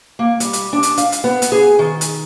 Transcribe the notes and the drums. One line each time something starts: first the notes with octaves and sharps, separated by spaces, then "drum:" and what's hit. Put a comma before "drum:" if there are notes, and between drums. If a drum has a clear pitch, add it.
A#3
G3, drum: hi-hat
drum: hi-hat
D4
drum: hi-hat
F5, drum: hi-hat
drum: hi-hat
B3
drum: hi-hat
G#4
D#3
drum: hi-hat